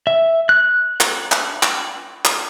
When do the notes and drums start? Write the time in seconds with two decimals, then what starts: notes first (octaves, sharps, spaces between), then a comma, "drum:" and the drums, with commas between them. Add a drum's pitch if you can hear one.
0.07 E5
0.49 F#6
1.00 drum: clap
1.32 drum: clap
1.63 drum: clap
2.25 drum: clap